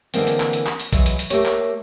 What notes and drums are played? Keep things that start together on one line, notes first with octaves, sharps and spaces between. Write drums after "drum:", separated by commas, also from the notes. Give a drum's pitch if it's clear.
D3 E3 G#3 A#3 C4, drum: hi-hat
drum: hi-hat
drum: clap
drum: hi-hat
drum: clap
drum: hi-hat
E3 F#3 G#3, drum: kick A#1, hi-hat
drum: hi-hat
drum: hi-hat
A3 A#3 G4 C#5, drum: hi-hat
drum: clap